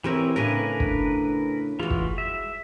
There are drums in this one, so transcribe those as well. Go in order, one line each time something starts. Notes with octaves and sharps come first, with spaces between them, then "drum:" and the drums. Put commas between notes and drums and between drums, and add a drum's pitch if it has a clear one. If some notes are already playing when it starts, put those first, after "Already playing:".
E3 C4 E4 G4 A#4 C#5
A2 C#3 D4 A#4 B4 G#5
drum: kick
E3 G#3 F4 F#4
drum: kick
E5